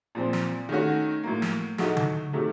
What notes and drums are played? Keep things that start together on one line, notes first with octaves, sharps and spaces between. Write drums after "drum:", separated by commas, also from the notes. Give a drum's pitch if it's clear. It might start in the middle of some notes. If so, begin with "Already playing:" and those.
A#2 F3 C4
drum: snare
D#3 A3 C#4 F#4
A2 F#3 A#3
drum: snare
A2 F#3 A3 D#4 F#4, drum: snare
drum: tom D3
C3 D#3 F#3 A3